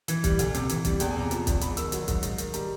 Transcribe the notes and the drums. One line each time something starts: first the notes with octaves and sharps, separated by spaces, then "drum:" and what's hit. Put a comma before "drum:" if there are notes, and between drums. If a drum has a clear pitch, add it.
E3, drum: hi-hat
G3, drum: kick, hi-hat
D2, drum: hi-hat
C3, drum: hi-hat
E3, drum: hi-hat
G3, drum: kick, hi-hat
E2 G5, drum: hi-hat
G#5
C3 A#5
F3, drum: hi-hat
E2, drum: kick, hi-hat
G#2 B5, drum: hi-hat
D#3 E6, drum: hi-hat
F#3, drum: hi-hat
G#2, drum: kick, hi-hat
G#2, drum: hi-hat
D#3, drum: hi-hat
G3 A#5, drum: hi-hat